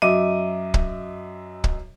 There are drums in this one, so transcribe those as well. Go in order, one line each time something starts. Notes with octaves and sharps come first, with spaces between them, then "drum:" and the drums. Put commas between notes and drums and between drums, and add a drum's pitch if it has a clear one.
F#2 D#5 E5 D6 D#7
drum: kick
drum: kick